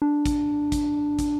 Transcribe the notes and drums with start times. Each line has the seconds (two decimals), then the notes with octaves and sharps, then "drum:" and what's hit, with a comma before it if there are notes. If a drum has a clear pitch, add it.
0.02 D4
0.26 drum: kick, hi-hat
0.72 drum: kick, hi-hat
1.19 drum: kick, hi-hat